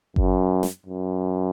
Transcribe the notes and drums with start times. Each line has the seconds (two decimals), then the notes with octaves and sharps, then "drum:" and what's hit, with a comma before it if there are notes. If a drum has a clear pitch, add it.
0.16 F#2, drum: kick G1
0.63 drum: snare
0.86 F#2